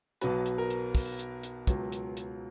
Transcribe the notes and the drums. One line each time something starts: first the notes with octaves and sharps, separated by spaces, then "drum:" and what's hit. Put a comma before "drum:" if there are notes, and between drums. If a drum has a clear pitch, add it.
B1 B2 F#3 B4, drum: hi-hat
drum: hi-hat
A#4
drum: hi-hat
drum: kick, open hi-hat
drum: hi-hat
drum: hi-hat
C#2 B2 F#3, drum: kick, hi-hat
drum: hi-hat
drum: hi-hat